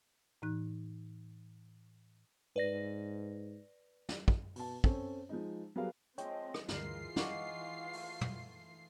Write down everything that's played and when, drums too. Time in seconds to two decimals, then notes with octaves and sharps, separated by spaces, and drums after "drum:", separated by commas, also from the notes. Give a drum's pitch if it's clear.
0.42 A2 E3 D#4 F#6
2.56 G#2 B4 D5 A#6
4.09 drum: snare
4.28 drum: kick
4.56 B2 A5, drum: open hi-hat
4.84 C4 C#4 A4, drum: kick
5.29 F3 G#3 D#4
5.76 F#3 G3 B3 G#4 A#4 F5
6.18 F3 G#3 C4 C#5 D#5 E5 G5, drum: hi-hat
6.54 drum: rim click
6.68 D2 G2 E3 F4 A#4 C7, drum: snare
7.16 D#4 G#4 F5 F#5 C#6 D6, drum: snare
7.93 A3, drum: open hi-hat
8.21 drum: tom